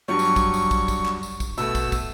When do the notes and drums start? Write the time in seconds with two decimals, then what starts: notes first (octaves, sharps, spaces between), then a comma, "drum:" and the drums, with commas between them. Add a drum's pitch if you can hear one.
0.08 G2 F#3 G3 C#6
0.19 drum: tambourine
0.36 drum: kick, tambourine
0.54 drum: tambourine
0.71 drum: kick, tambourine
0.88 drum: kick, tambourine
1.06 drum: clap
1.23 drum: tambourine
1.40 drum: kick, tambourine
1.58 B2 A3 E6, drum: tambourine
1.75 drum: kick, tambourine
1.92 drum: kick, tambourine